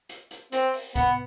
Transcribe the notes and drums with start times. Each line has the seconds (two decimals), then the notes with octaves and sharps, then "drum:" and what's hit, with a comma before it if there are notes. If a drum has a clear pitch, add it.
0.09 drum: hi-hat
0.31 drum: hi-hat
0.52 C4, drum: hi-hat
0.74 drum: open hi-hat
0.96 B3, drum: kick C2, hi-hat